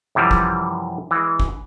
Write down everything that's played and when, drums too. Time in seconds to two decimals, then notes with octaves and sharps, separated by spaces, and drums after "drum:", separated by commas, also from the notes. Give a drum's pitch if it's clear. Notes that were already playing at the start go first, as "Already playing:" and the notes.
0.15 F#2 C3 E3 F3 G3
0.31 drum: kick
1.11 E3 G#3
1.40 drum: kick